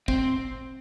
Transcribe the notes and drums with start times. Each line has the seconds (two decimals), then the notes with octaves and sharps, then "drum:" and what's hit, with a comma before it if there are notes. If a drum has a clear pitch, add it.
0.08 C4, drum: kick